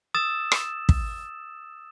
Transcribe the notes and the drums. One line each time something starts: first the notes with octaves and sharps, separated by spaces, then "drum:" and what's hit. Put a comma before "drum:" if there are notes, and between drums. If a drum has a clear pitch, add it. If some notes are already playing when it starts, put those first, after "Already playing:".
D#6 E6 A6 E7
drum: rim click
drum: kick